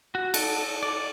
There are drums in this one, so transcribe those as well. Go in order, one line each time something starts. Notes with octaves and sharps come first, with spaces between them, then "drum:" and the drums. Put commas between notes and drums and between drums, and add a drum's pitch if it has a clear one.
F#4
A4, drum: cymbal
D5